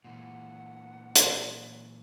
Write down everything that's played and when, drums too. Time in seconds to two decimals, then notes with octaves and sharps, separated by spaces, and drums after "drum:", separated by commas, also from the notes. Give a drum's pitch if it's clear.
0.04 A#2 E3 F#5
1.15 drum: hi-hat